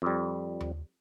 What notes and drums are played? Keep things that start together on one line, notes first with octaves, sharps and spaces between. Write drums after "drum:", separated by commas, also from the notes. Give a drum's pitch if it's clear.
F2 G3
drum: tom D#2